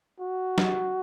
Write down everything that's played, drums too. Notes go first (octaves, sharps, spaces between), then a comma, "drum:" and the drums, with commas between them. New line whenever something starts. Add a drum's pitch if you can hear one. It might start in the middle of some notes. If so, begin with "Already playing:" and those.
F#4
drum: snare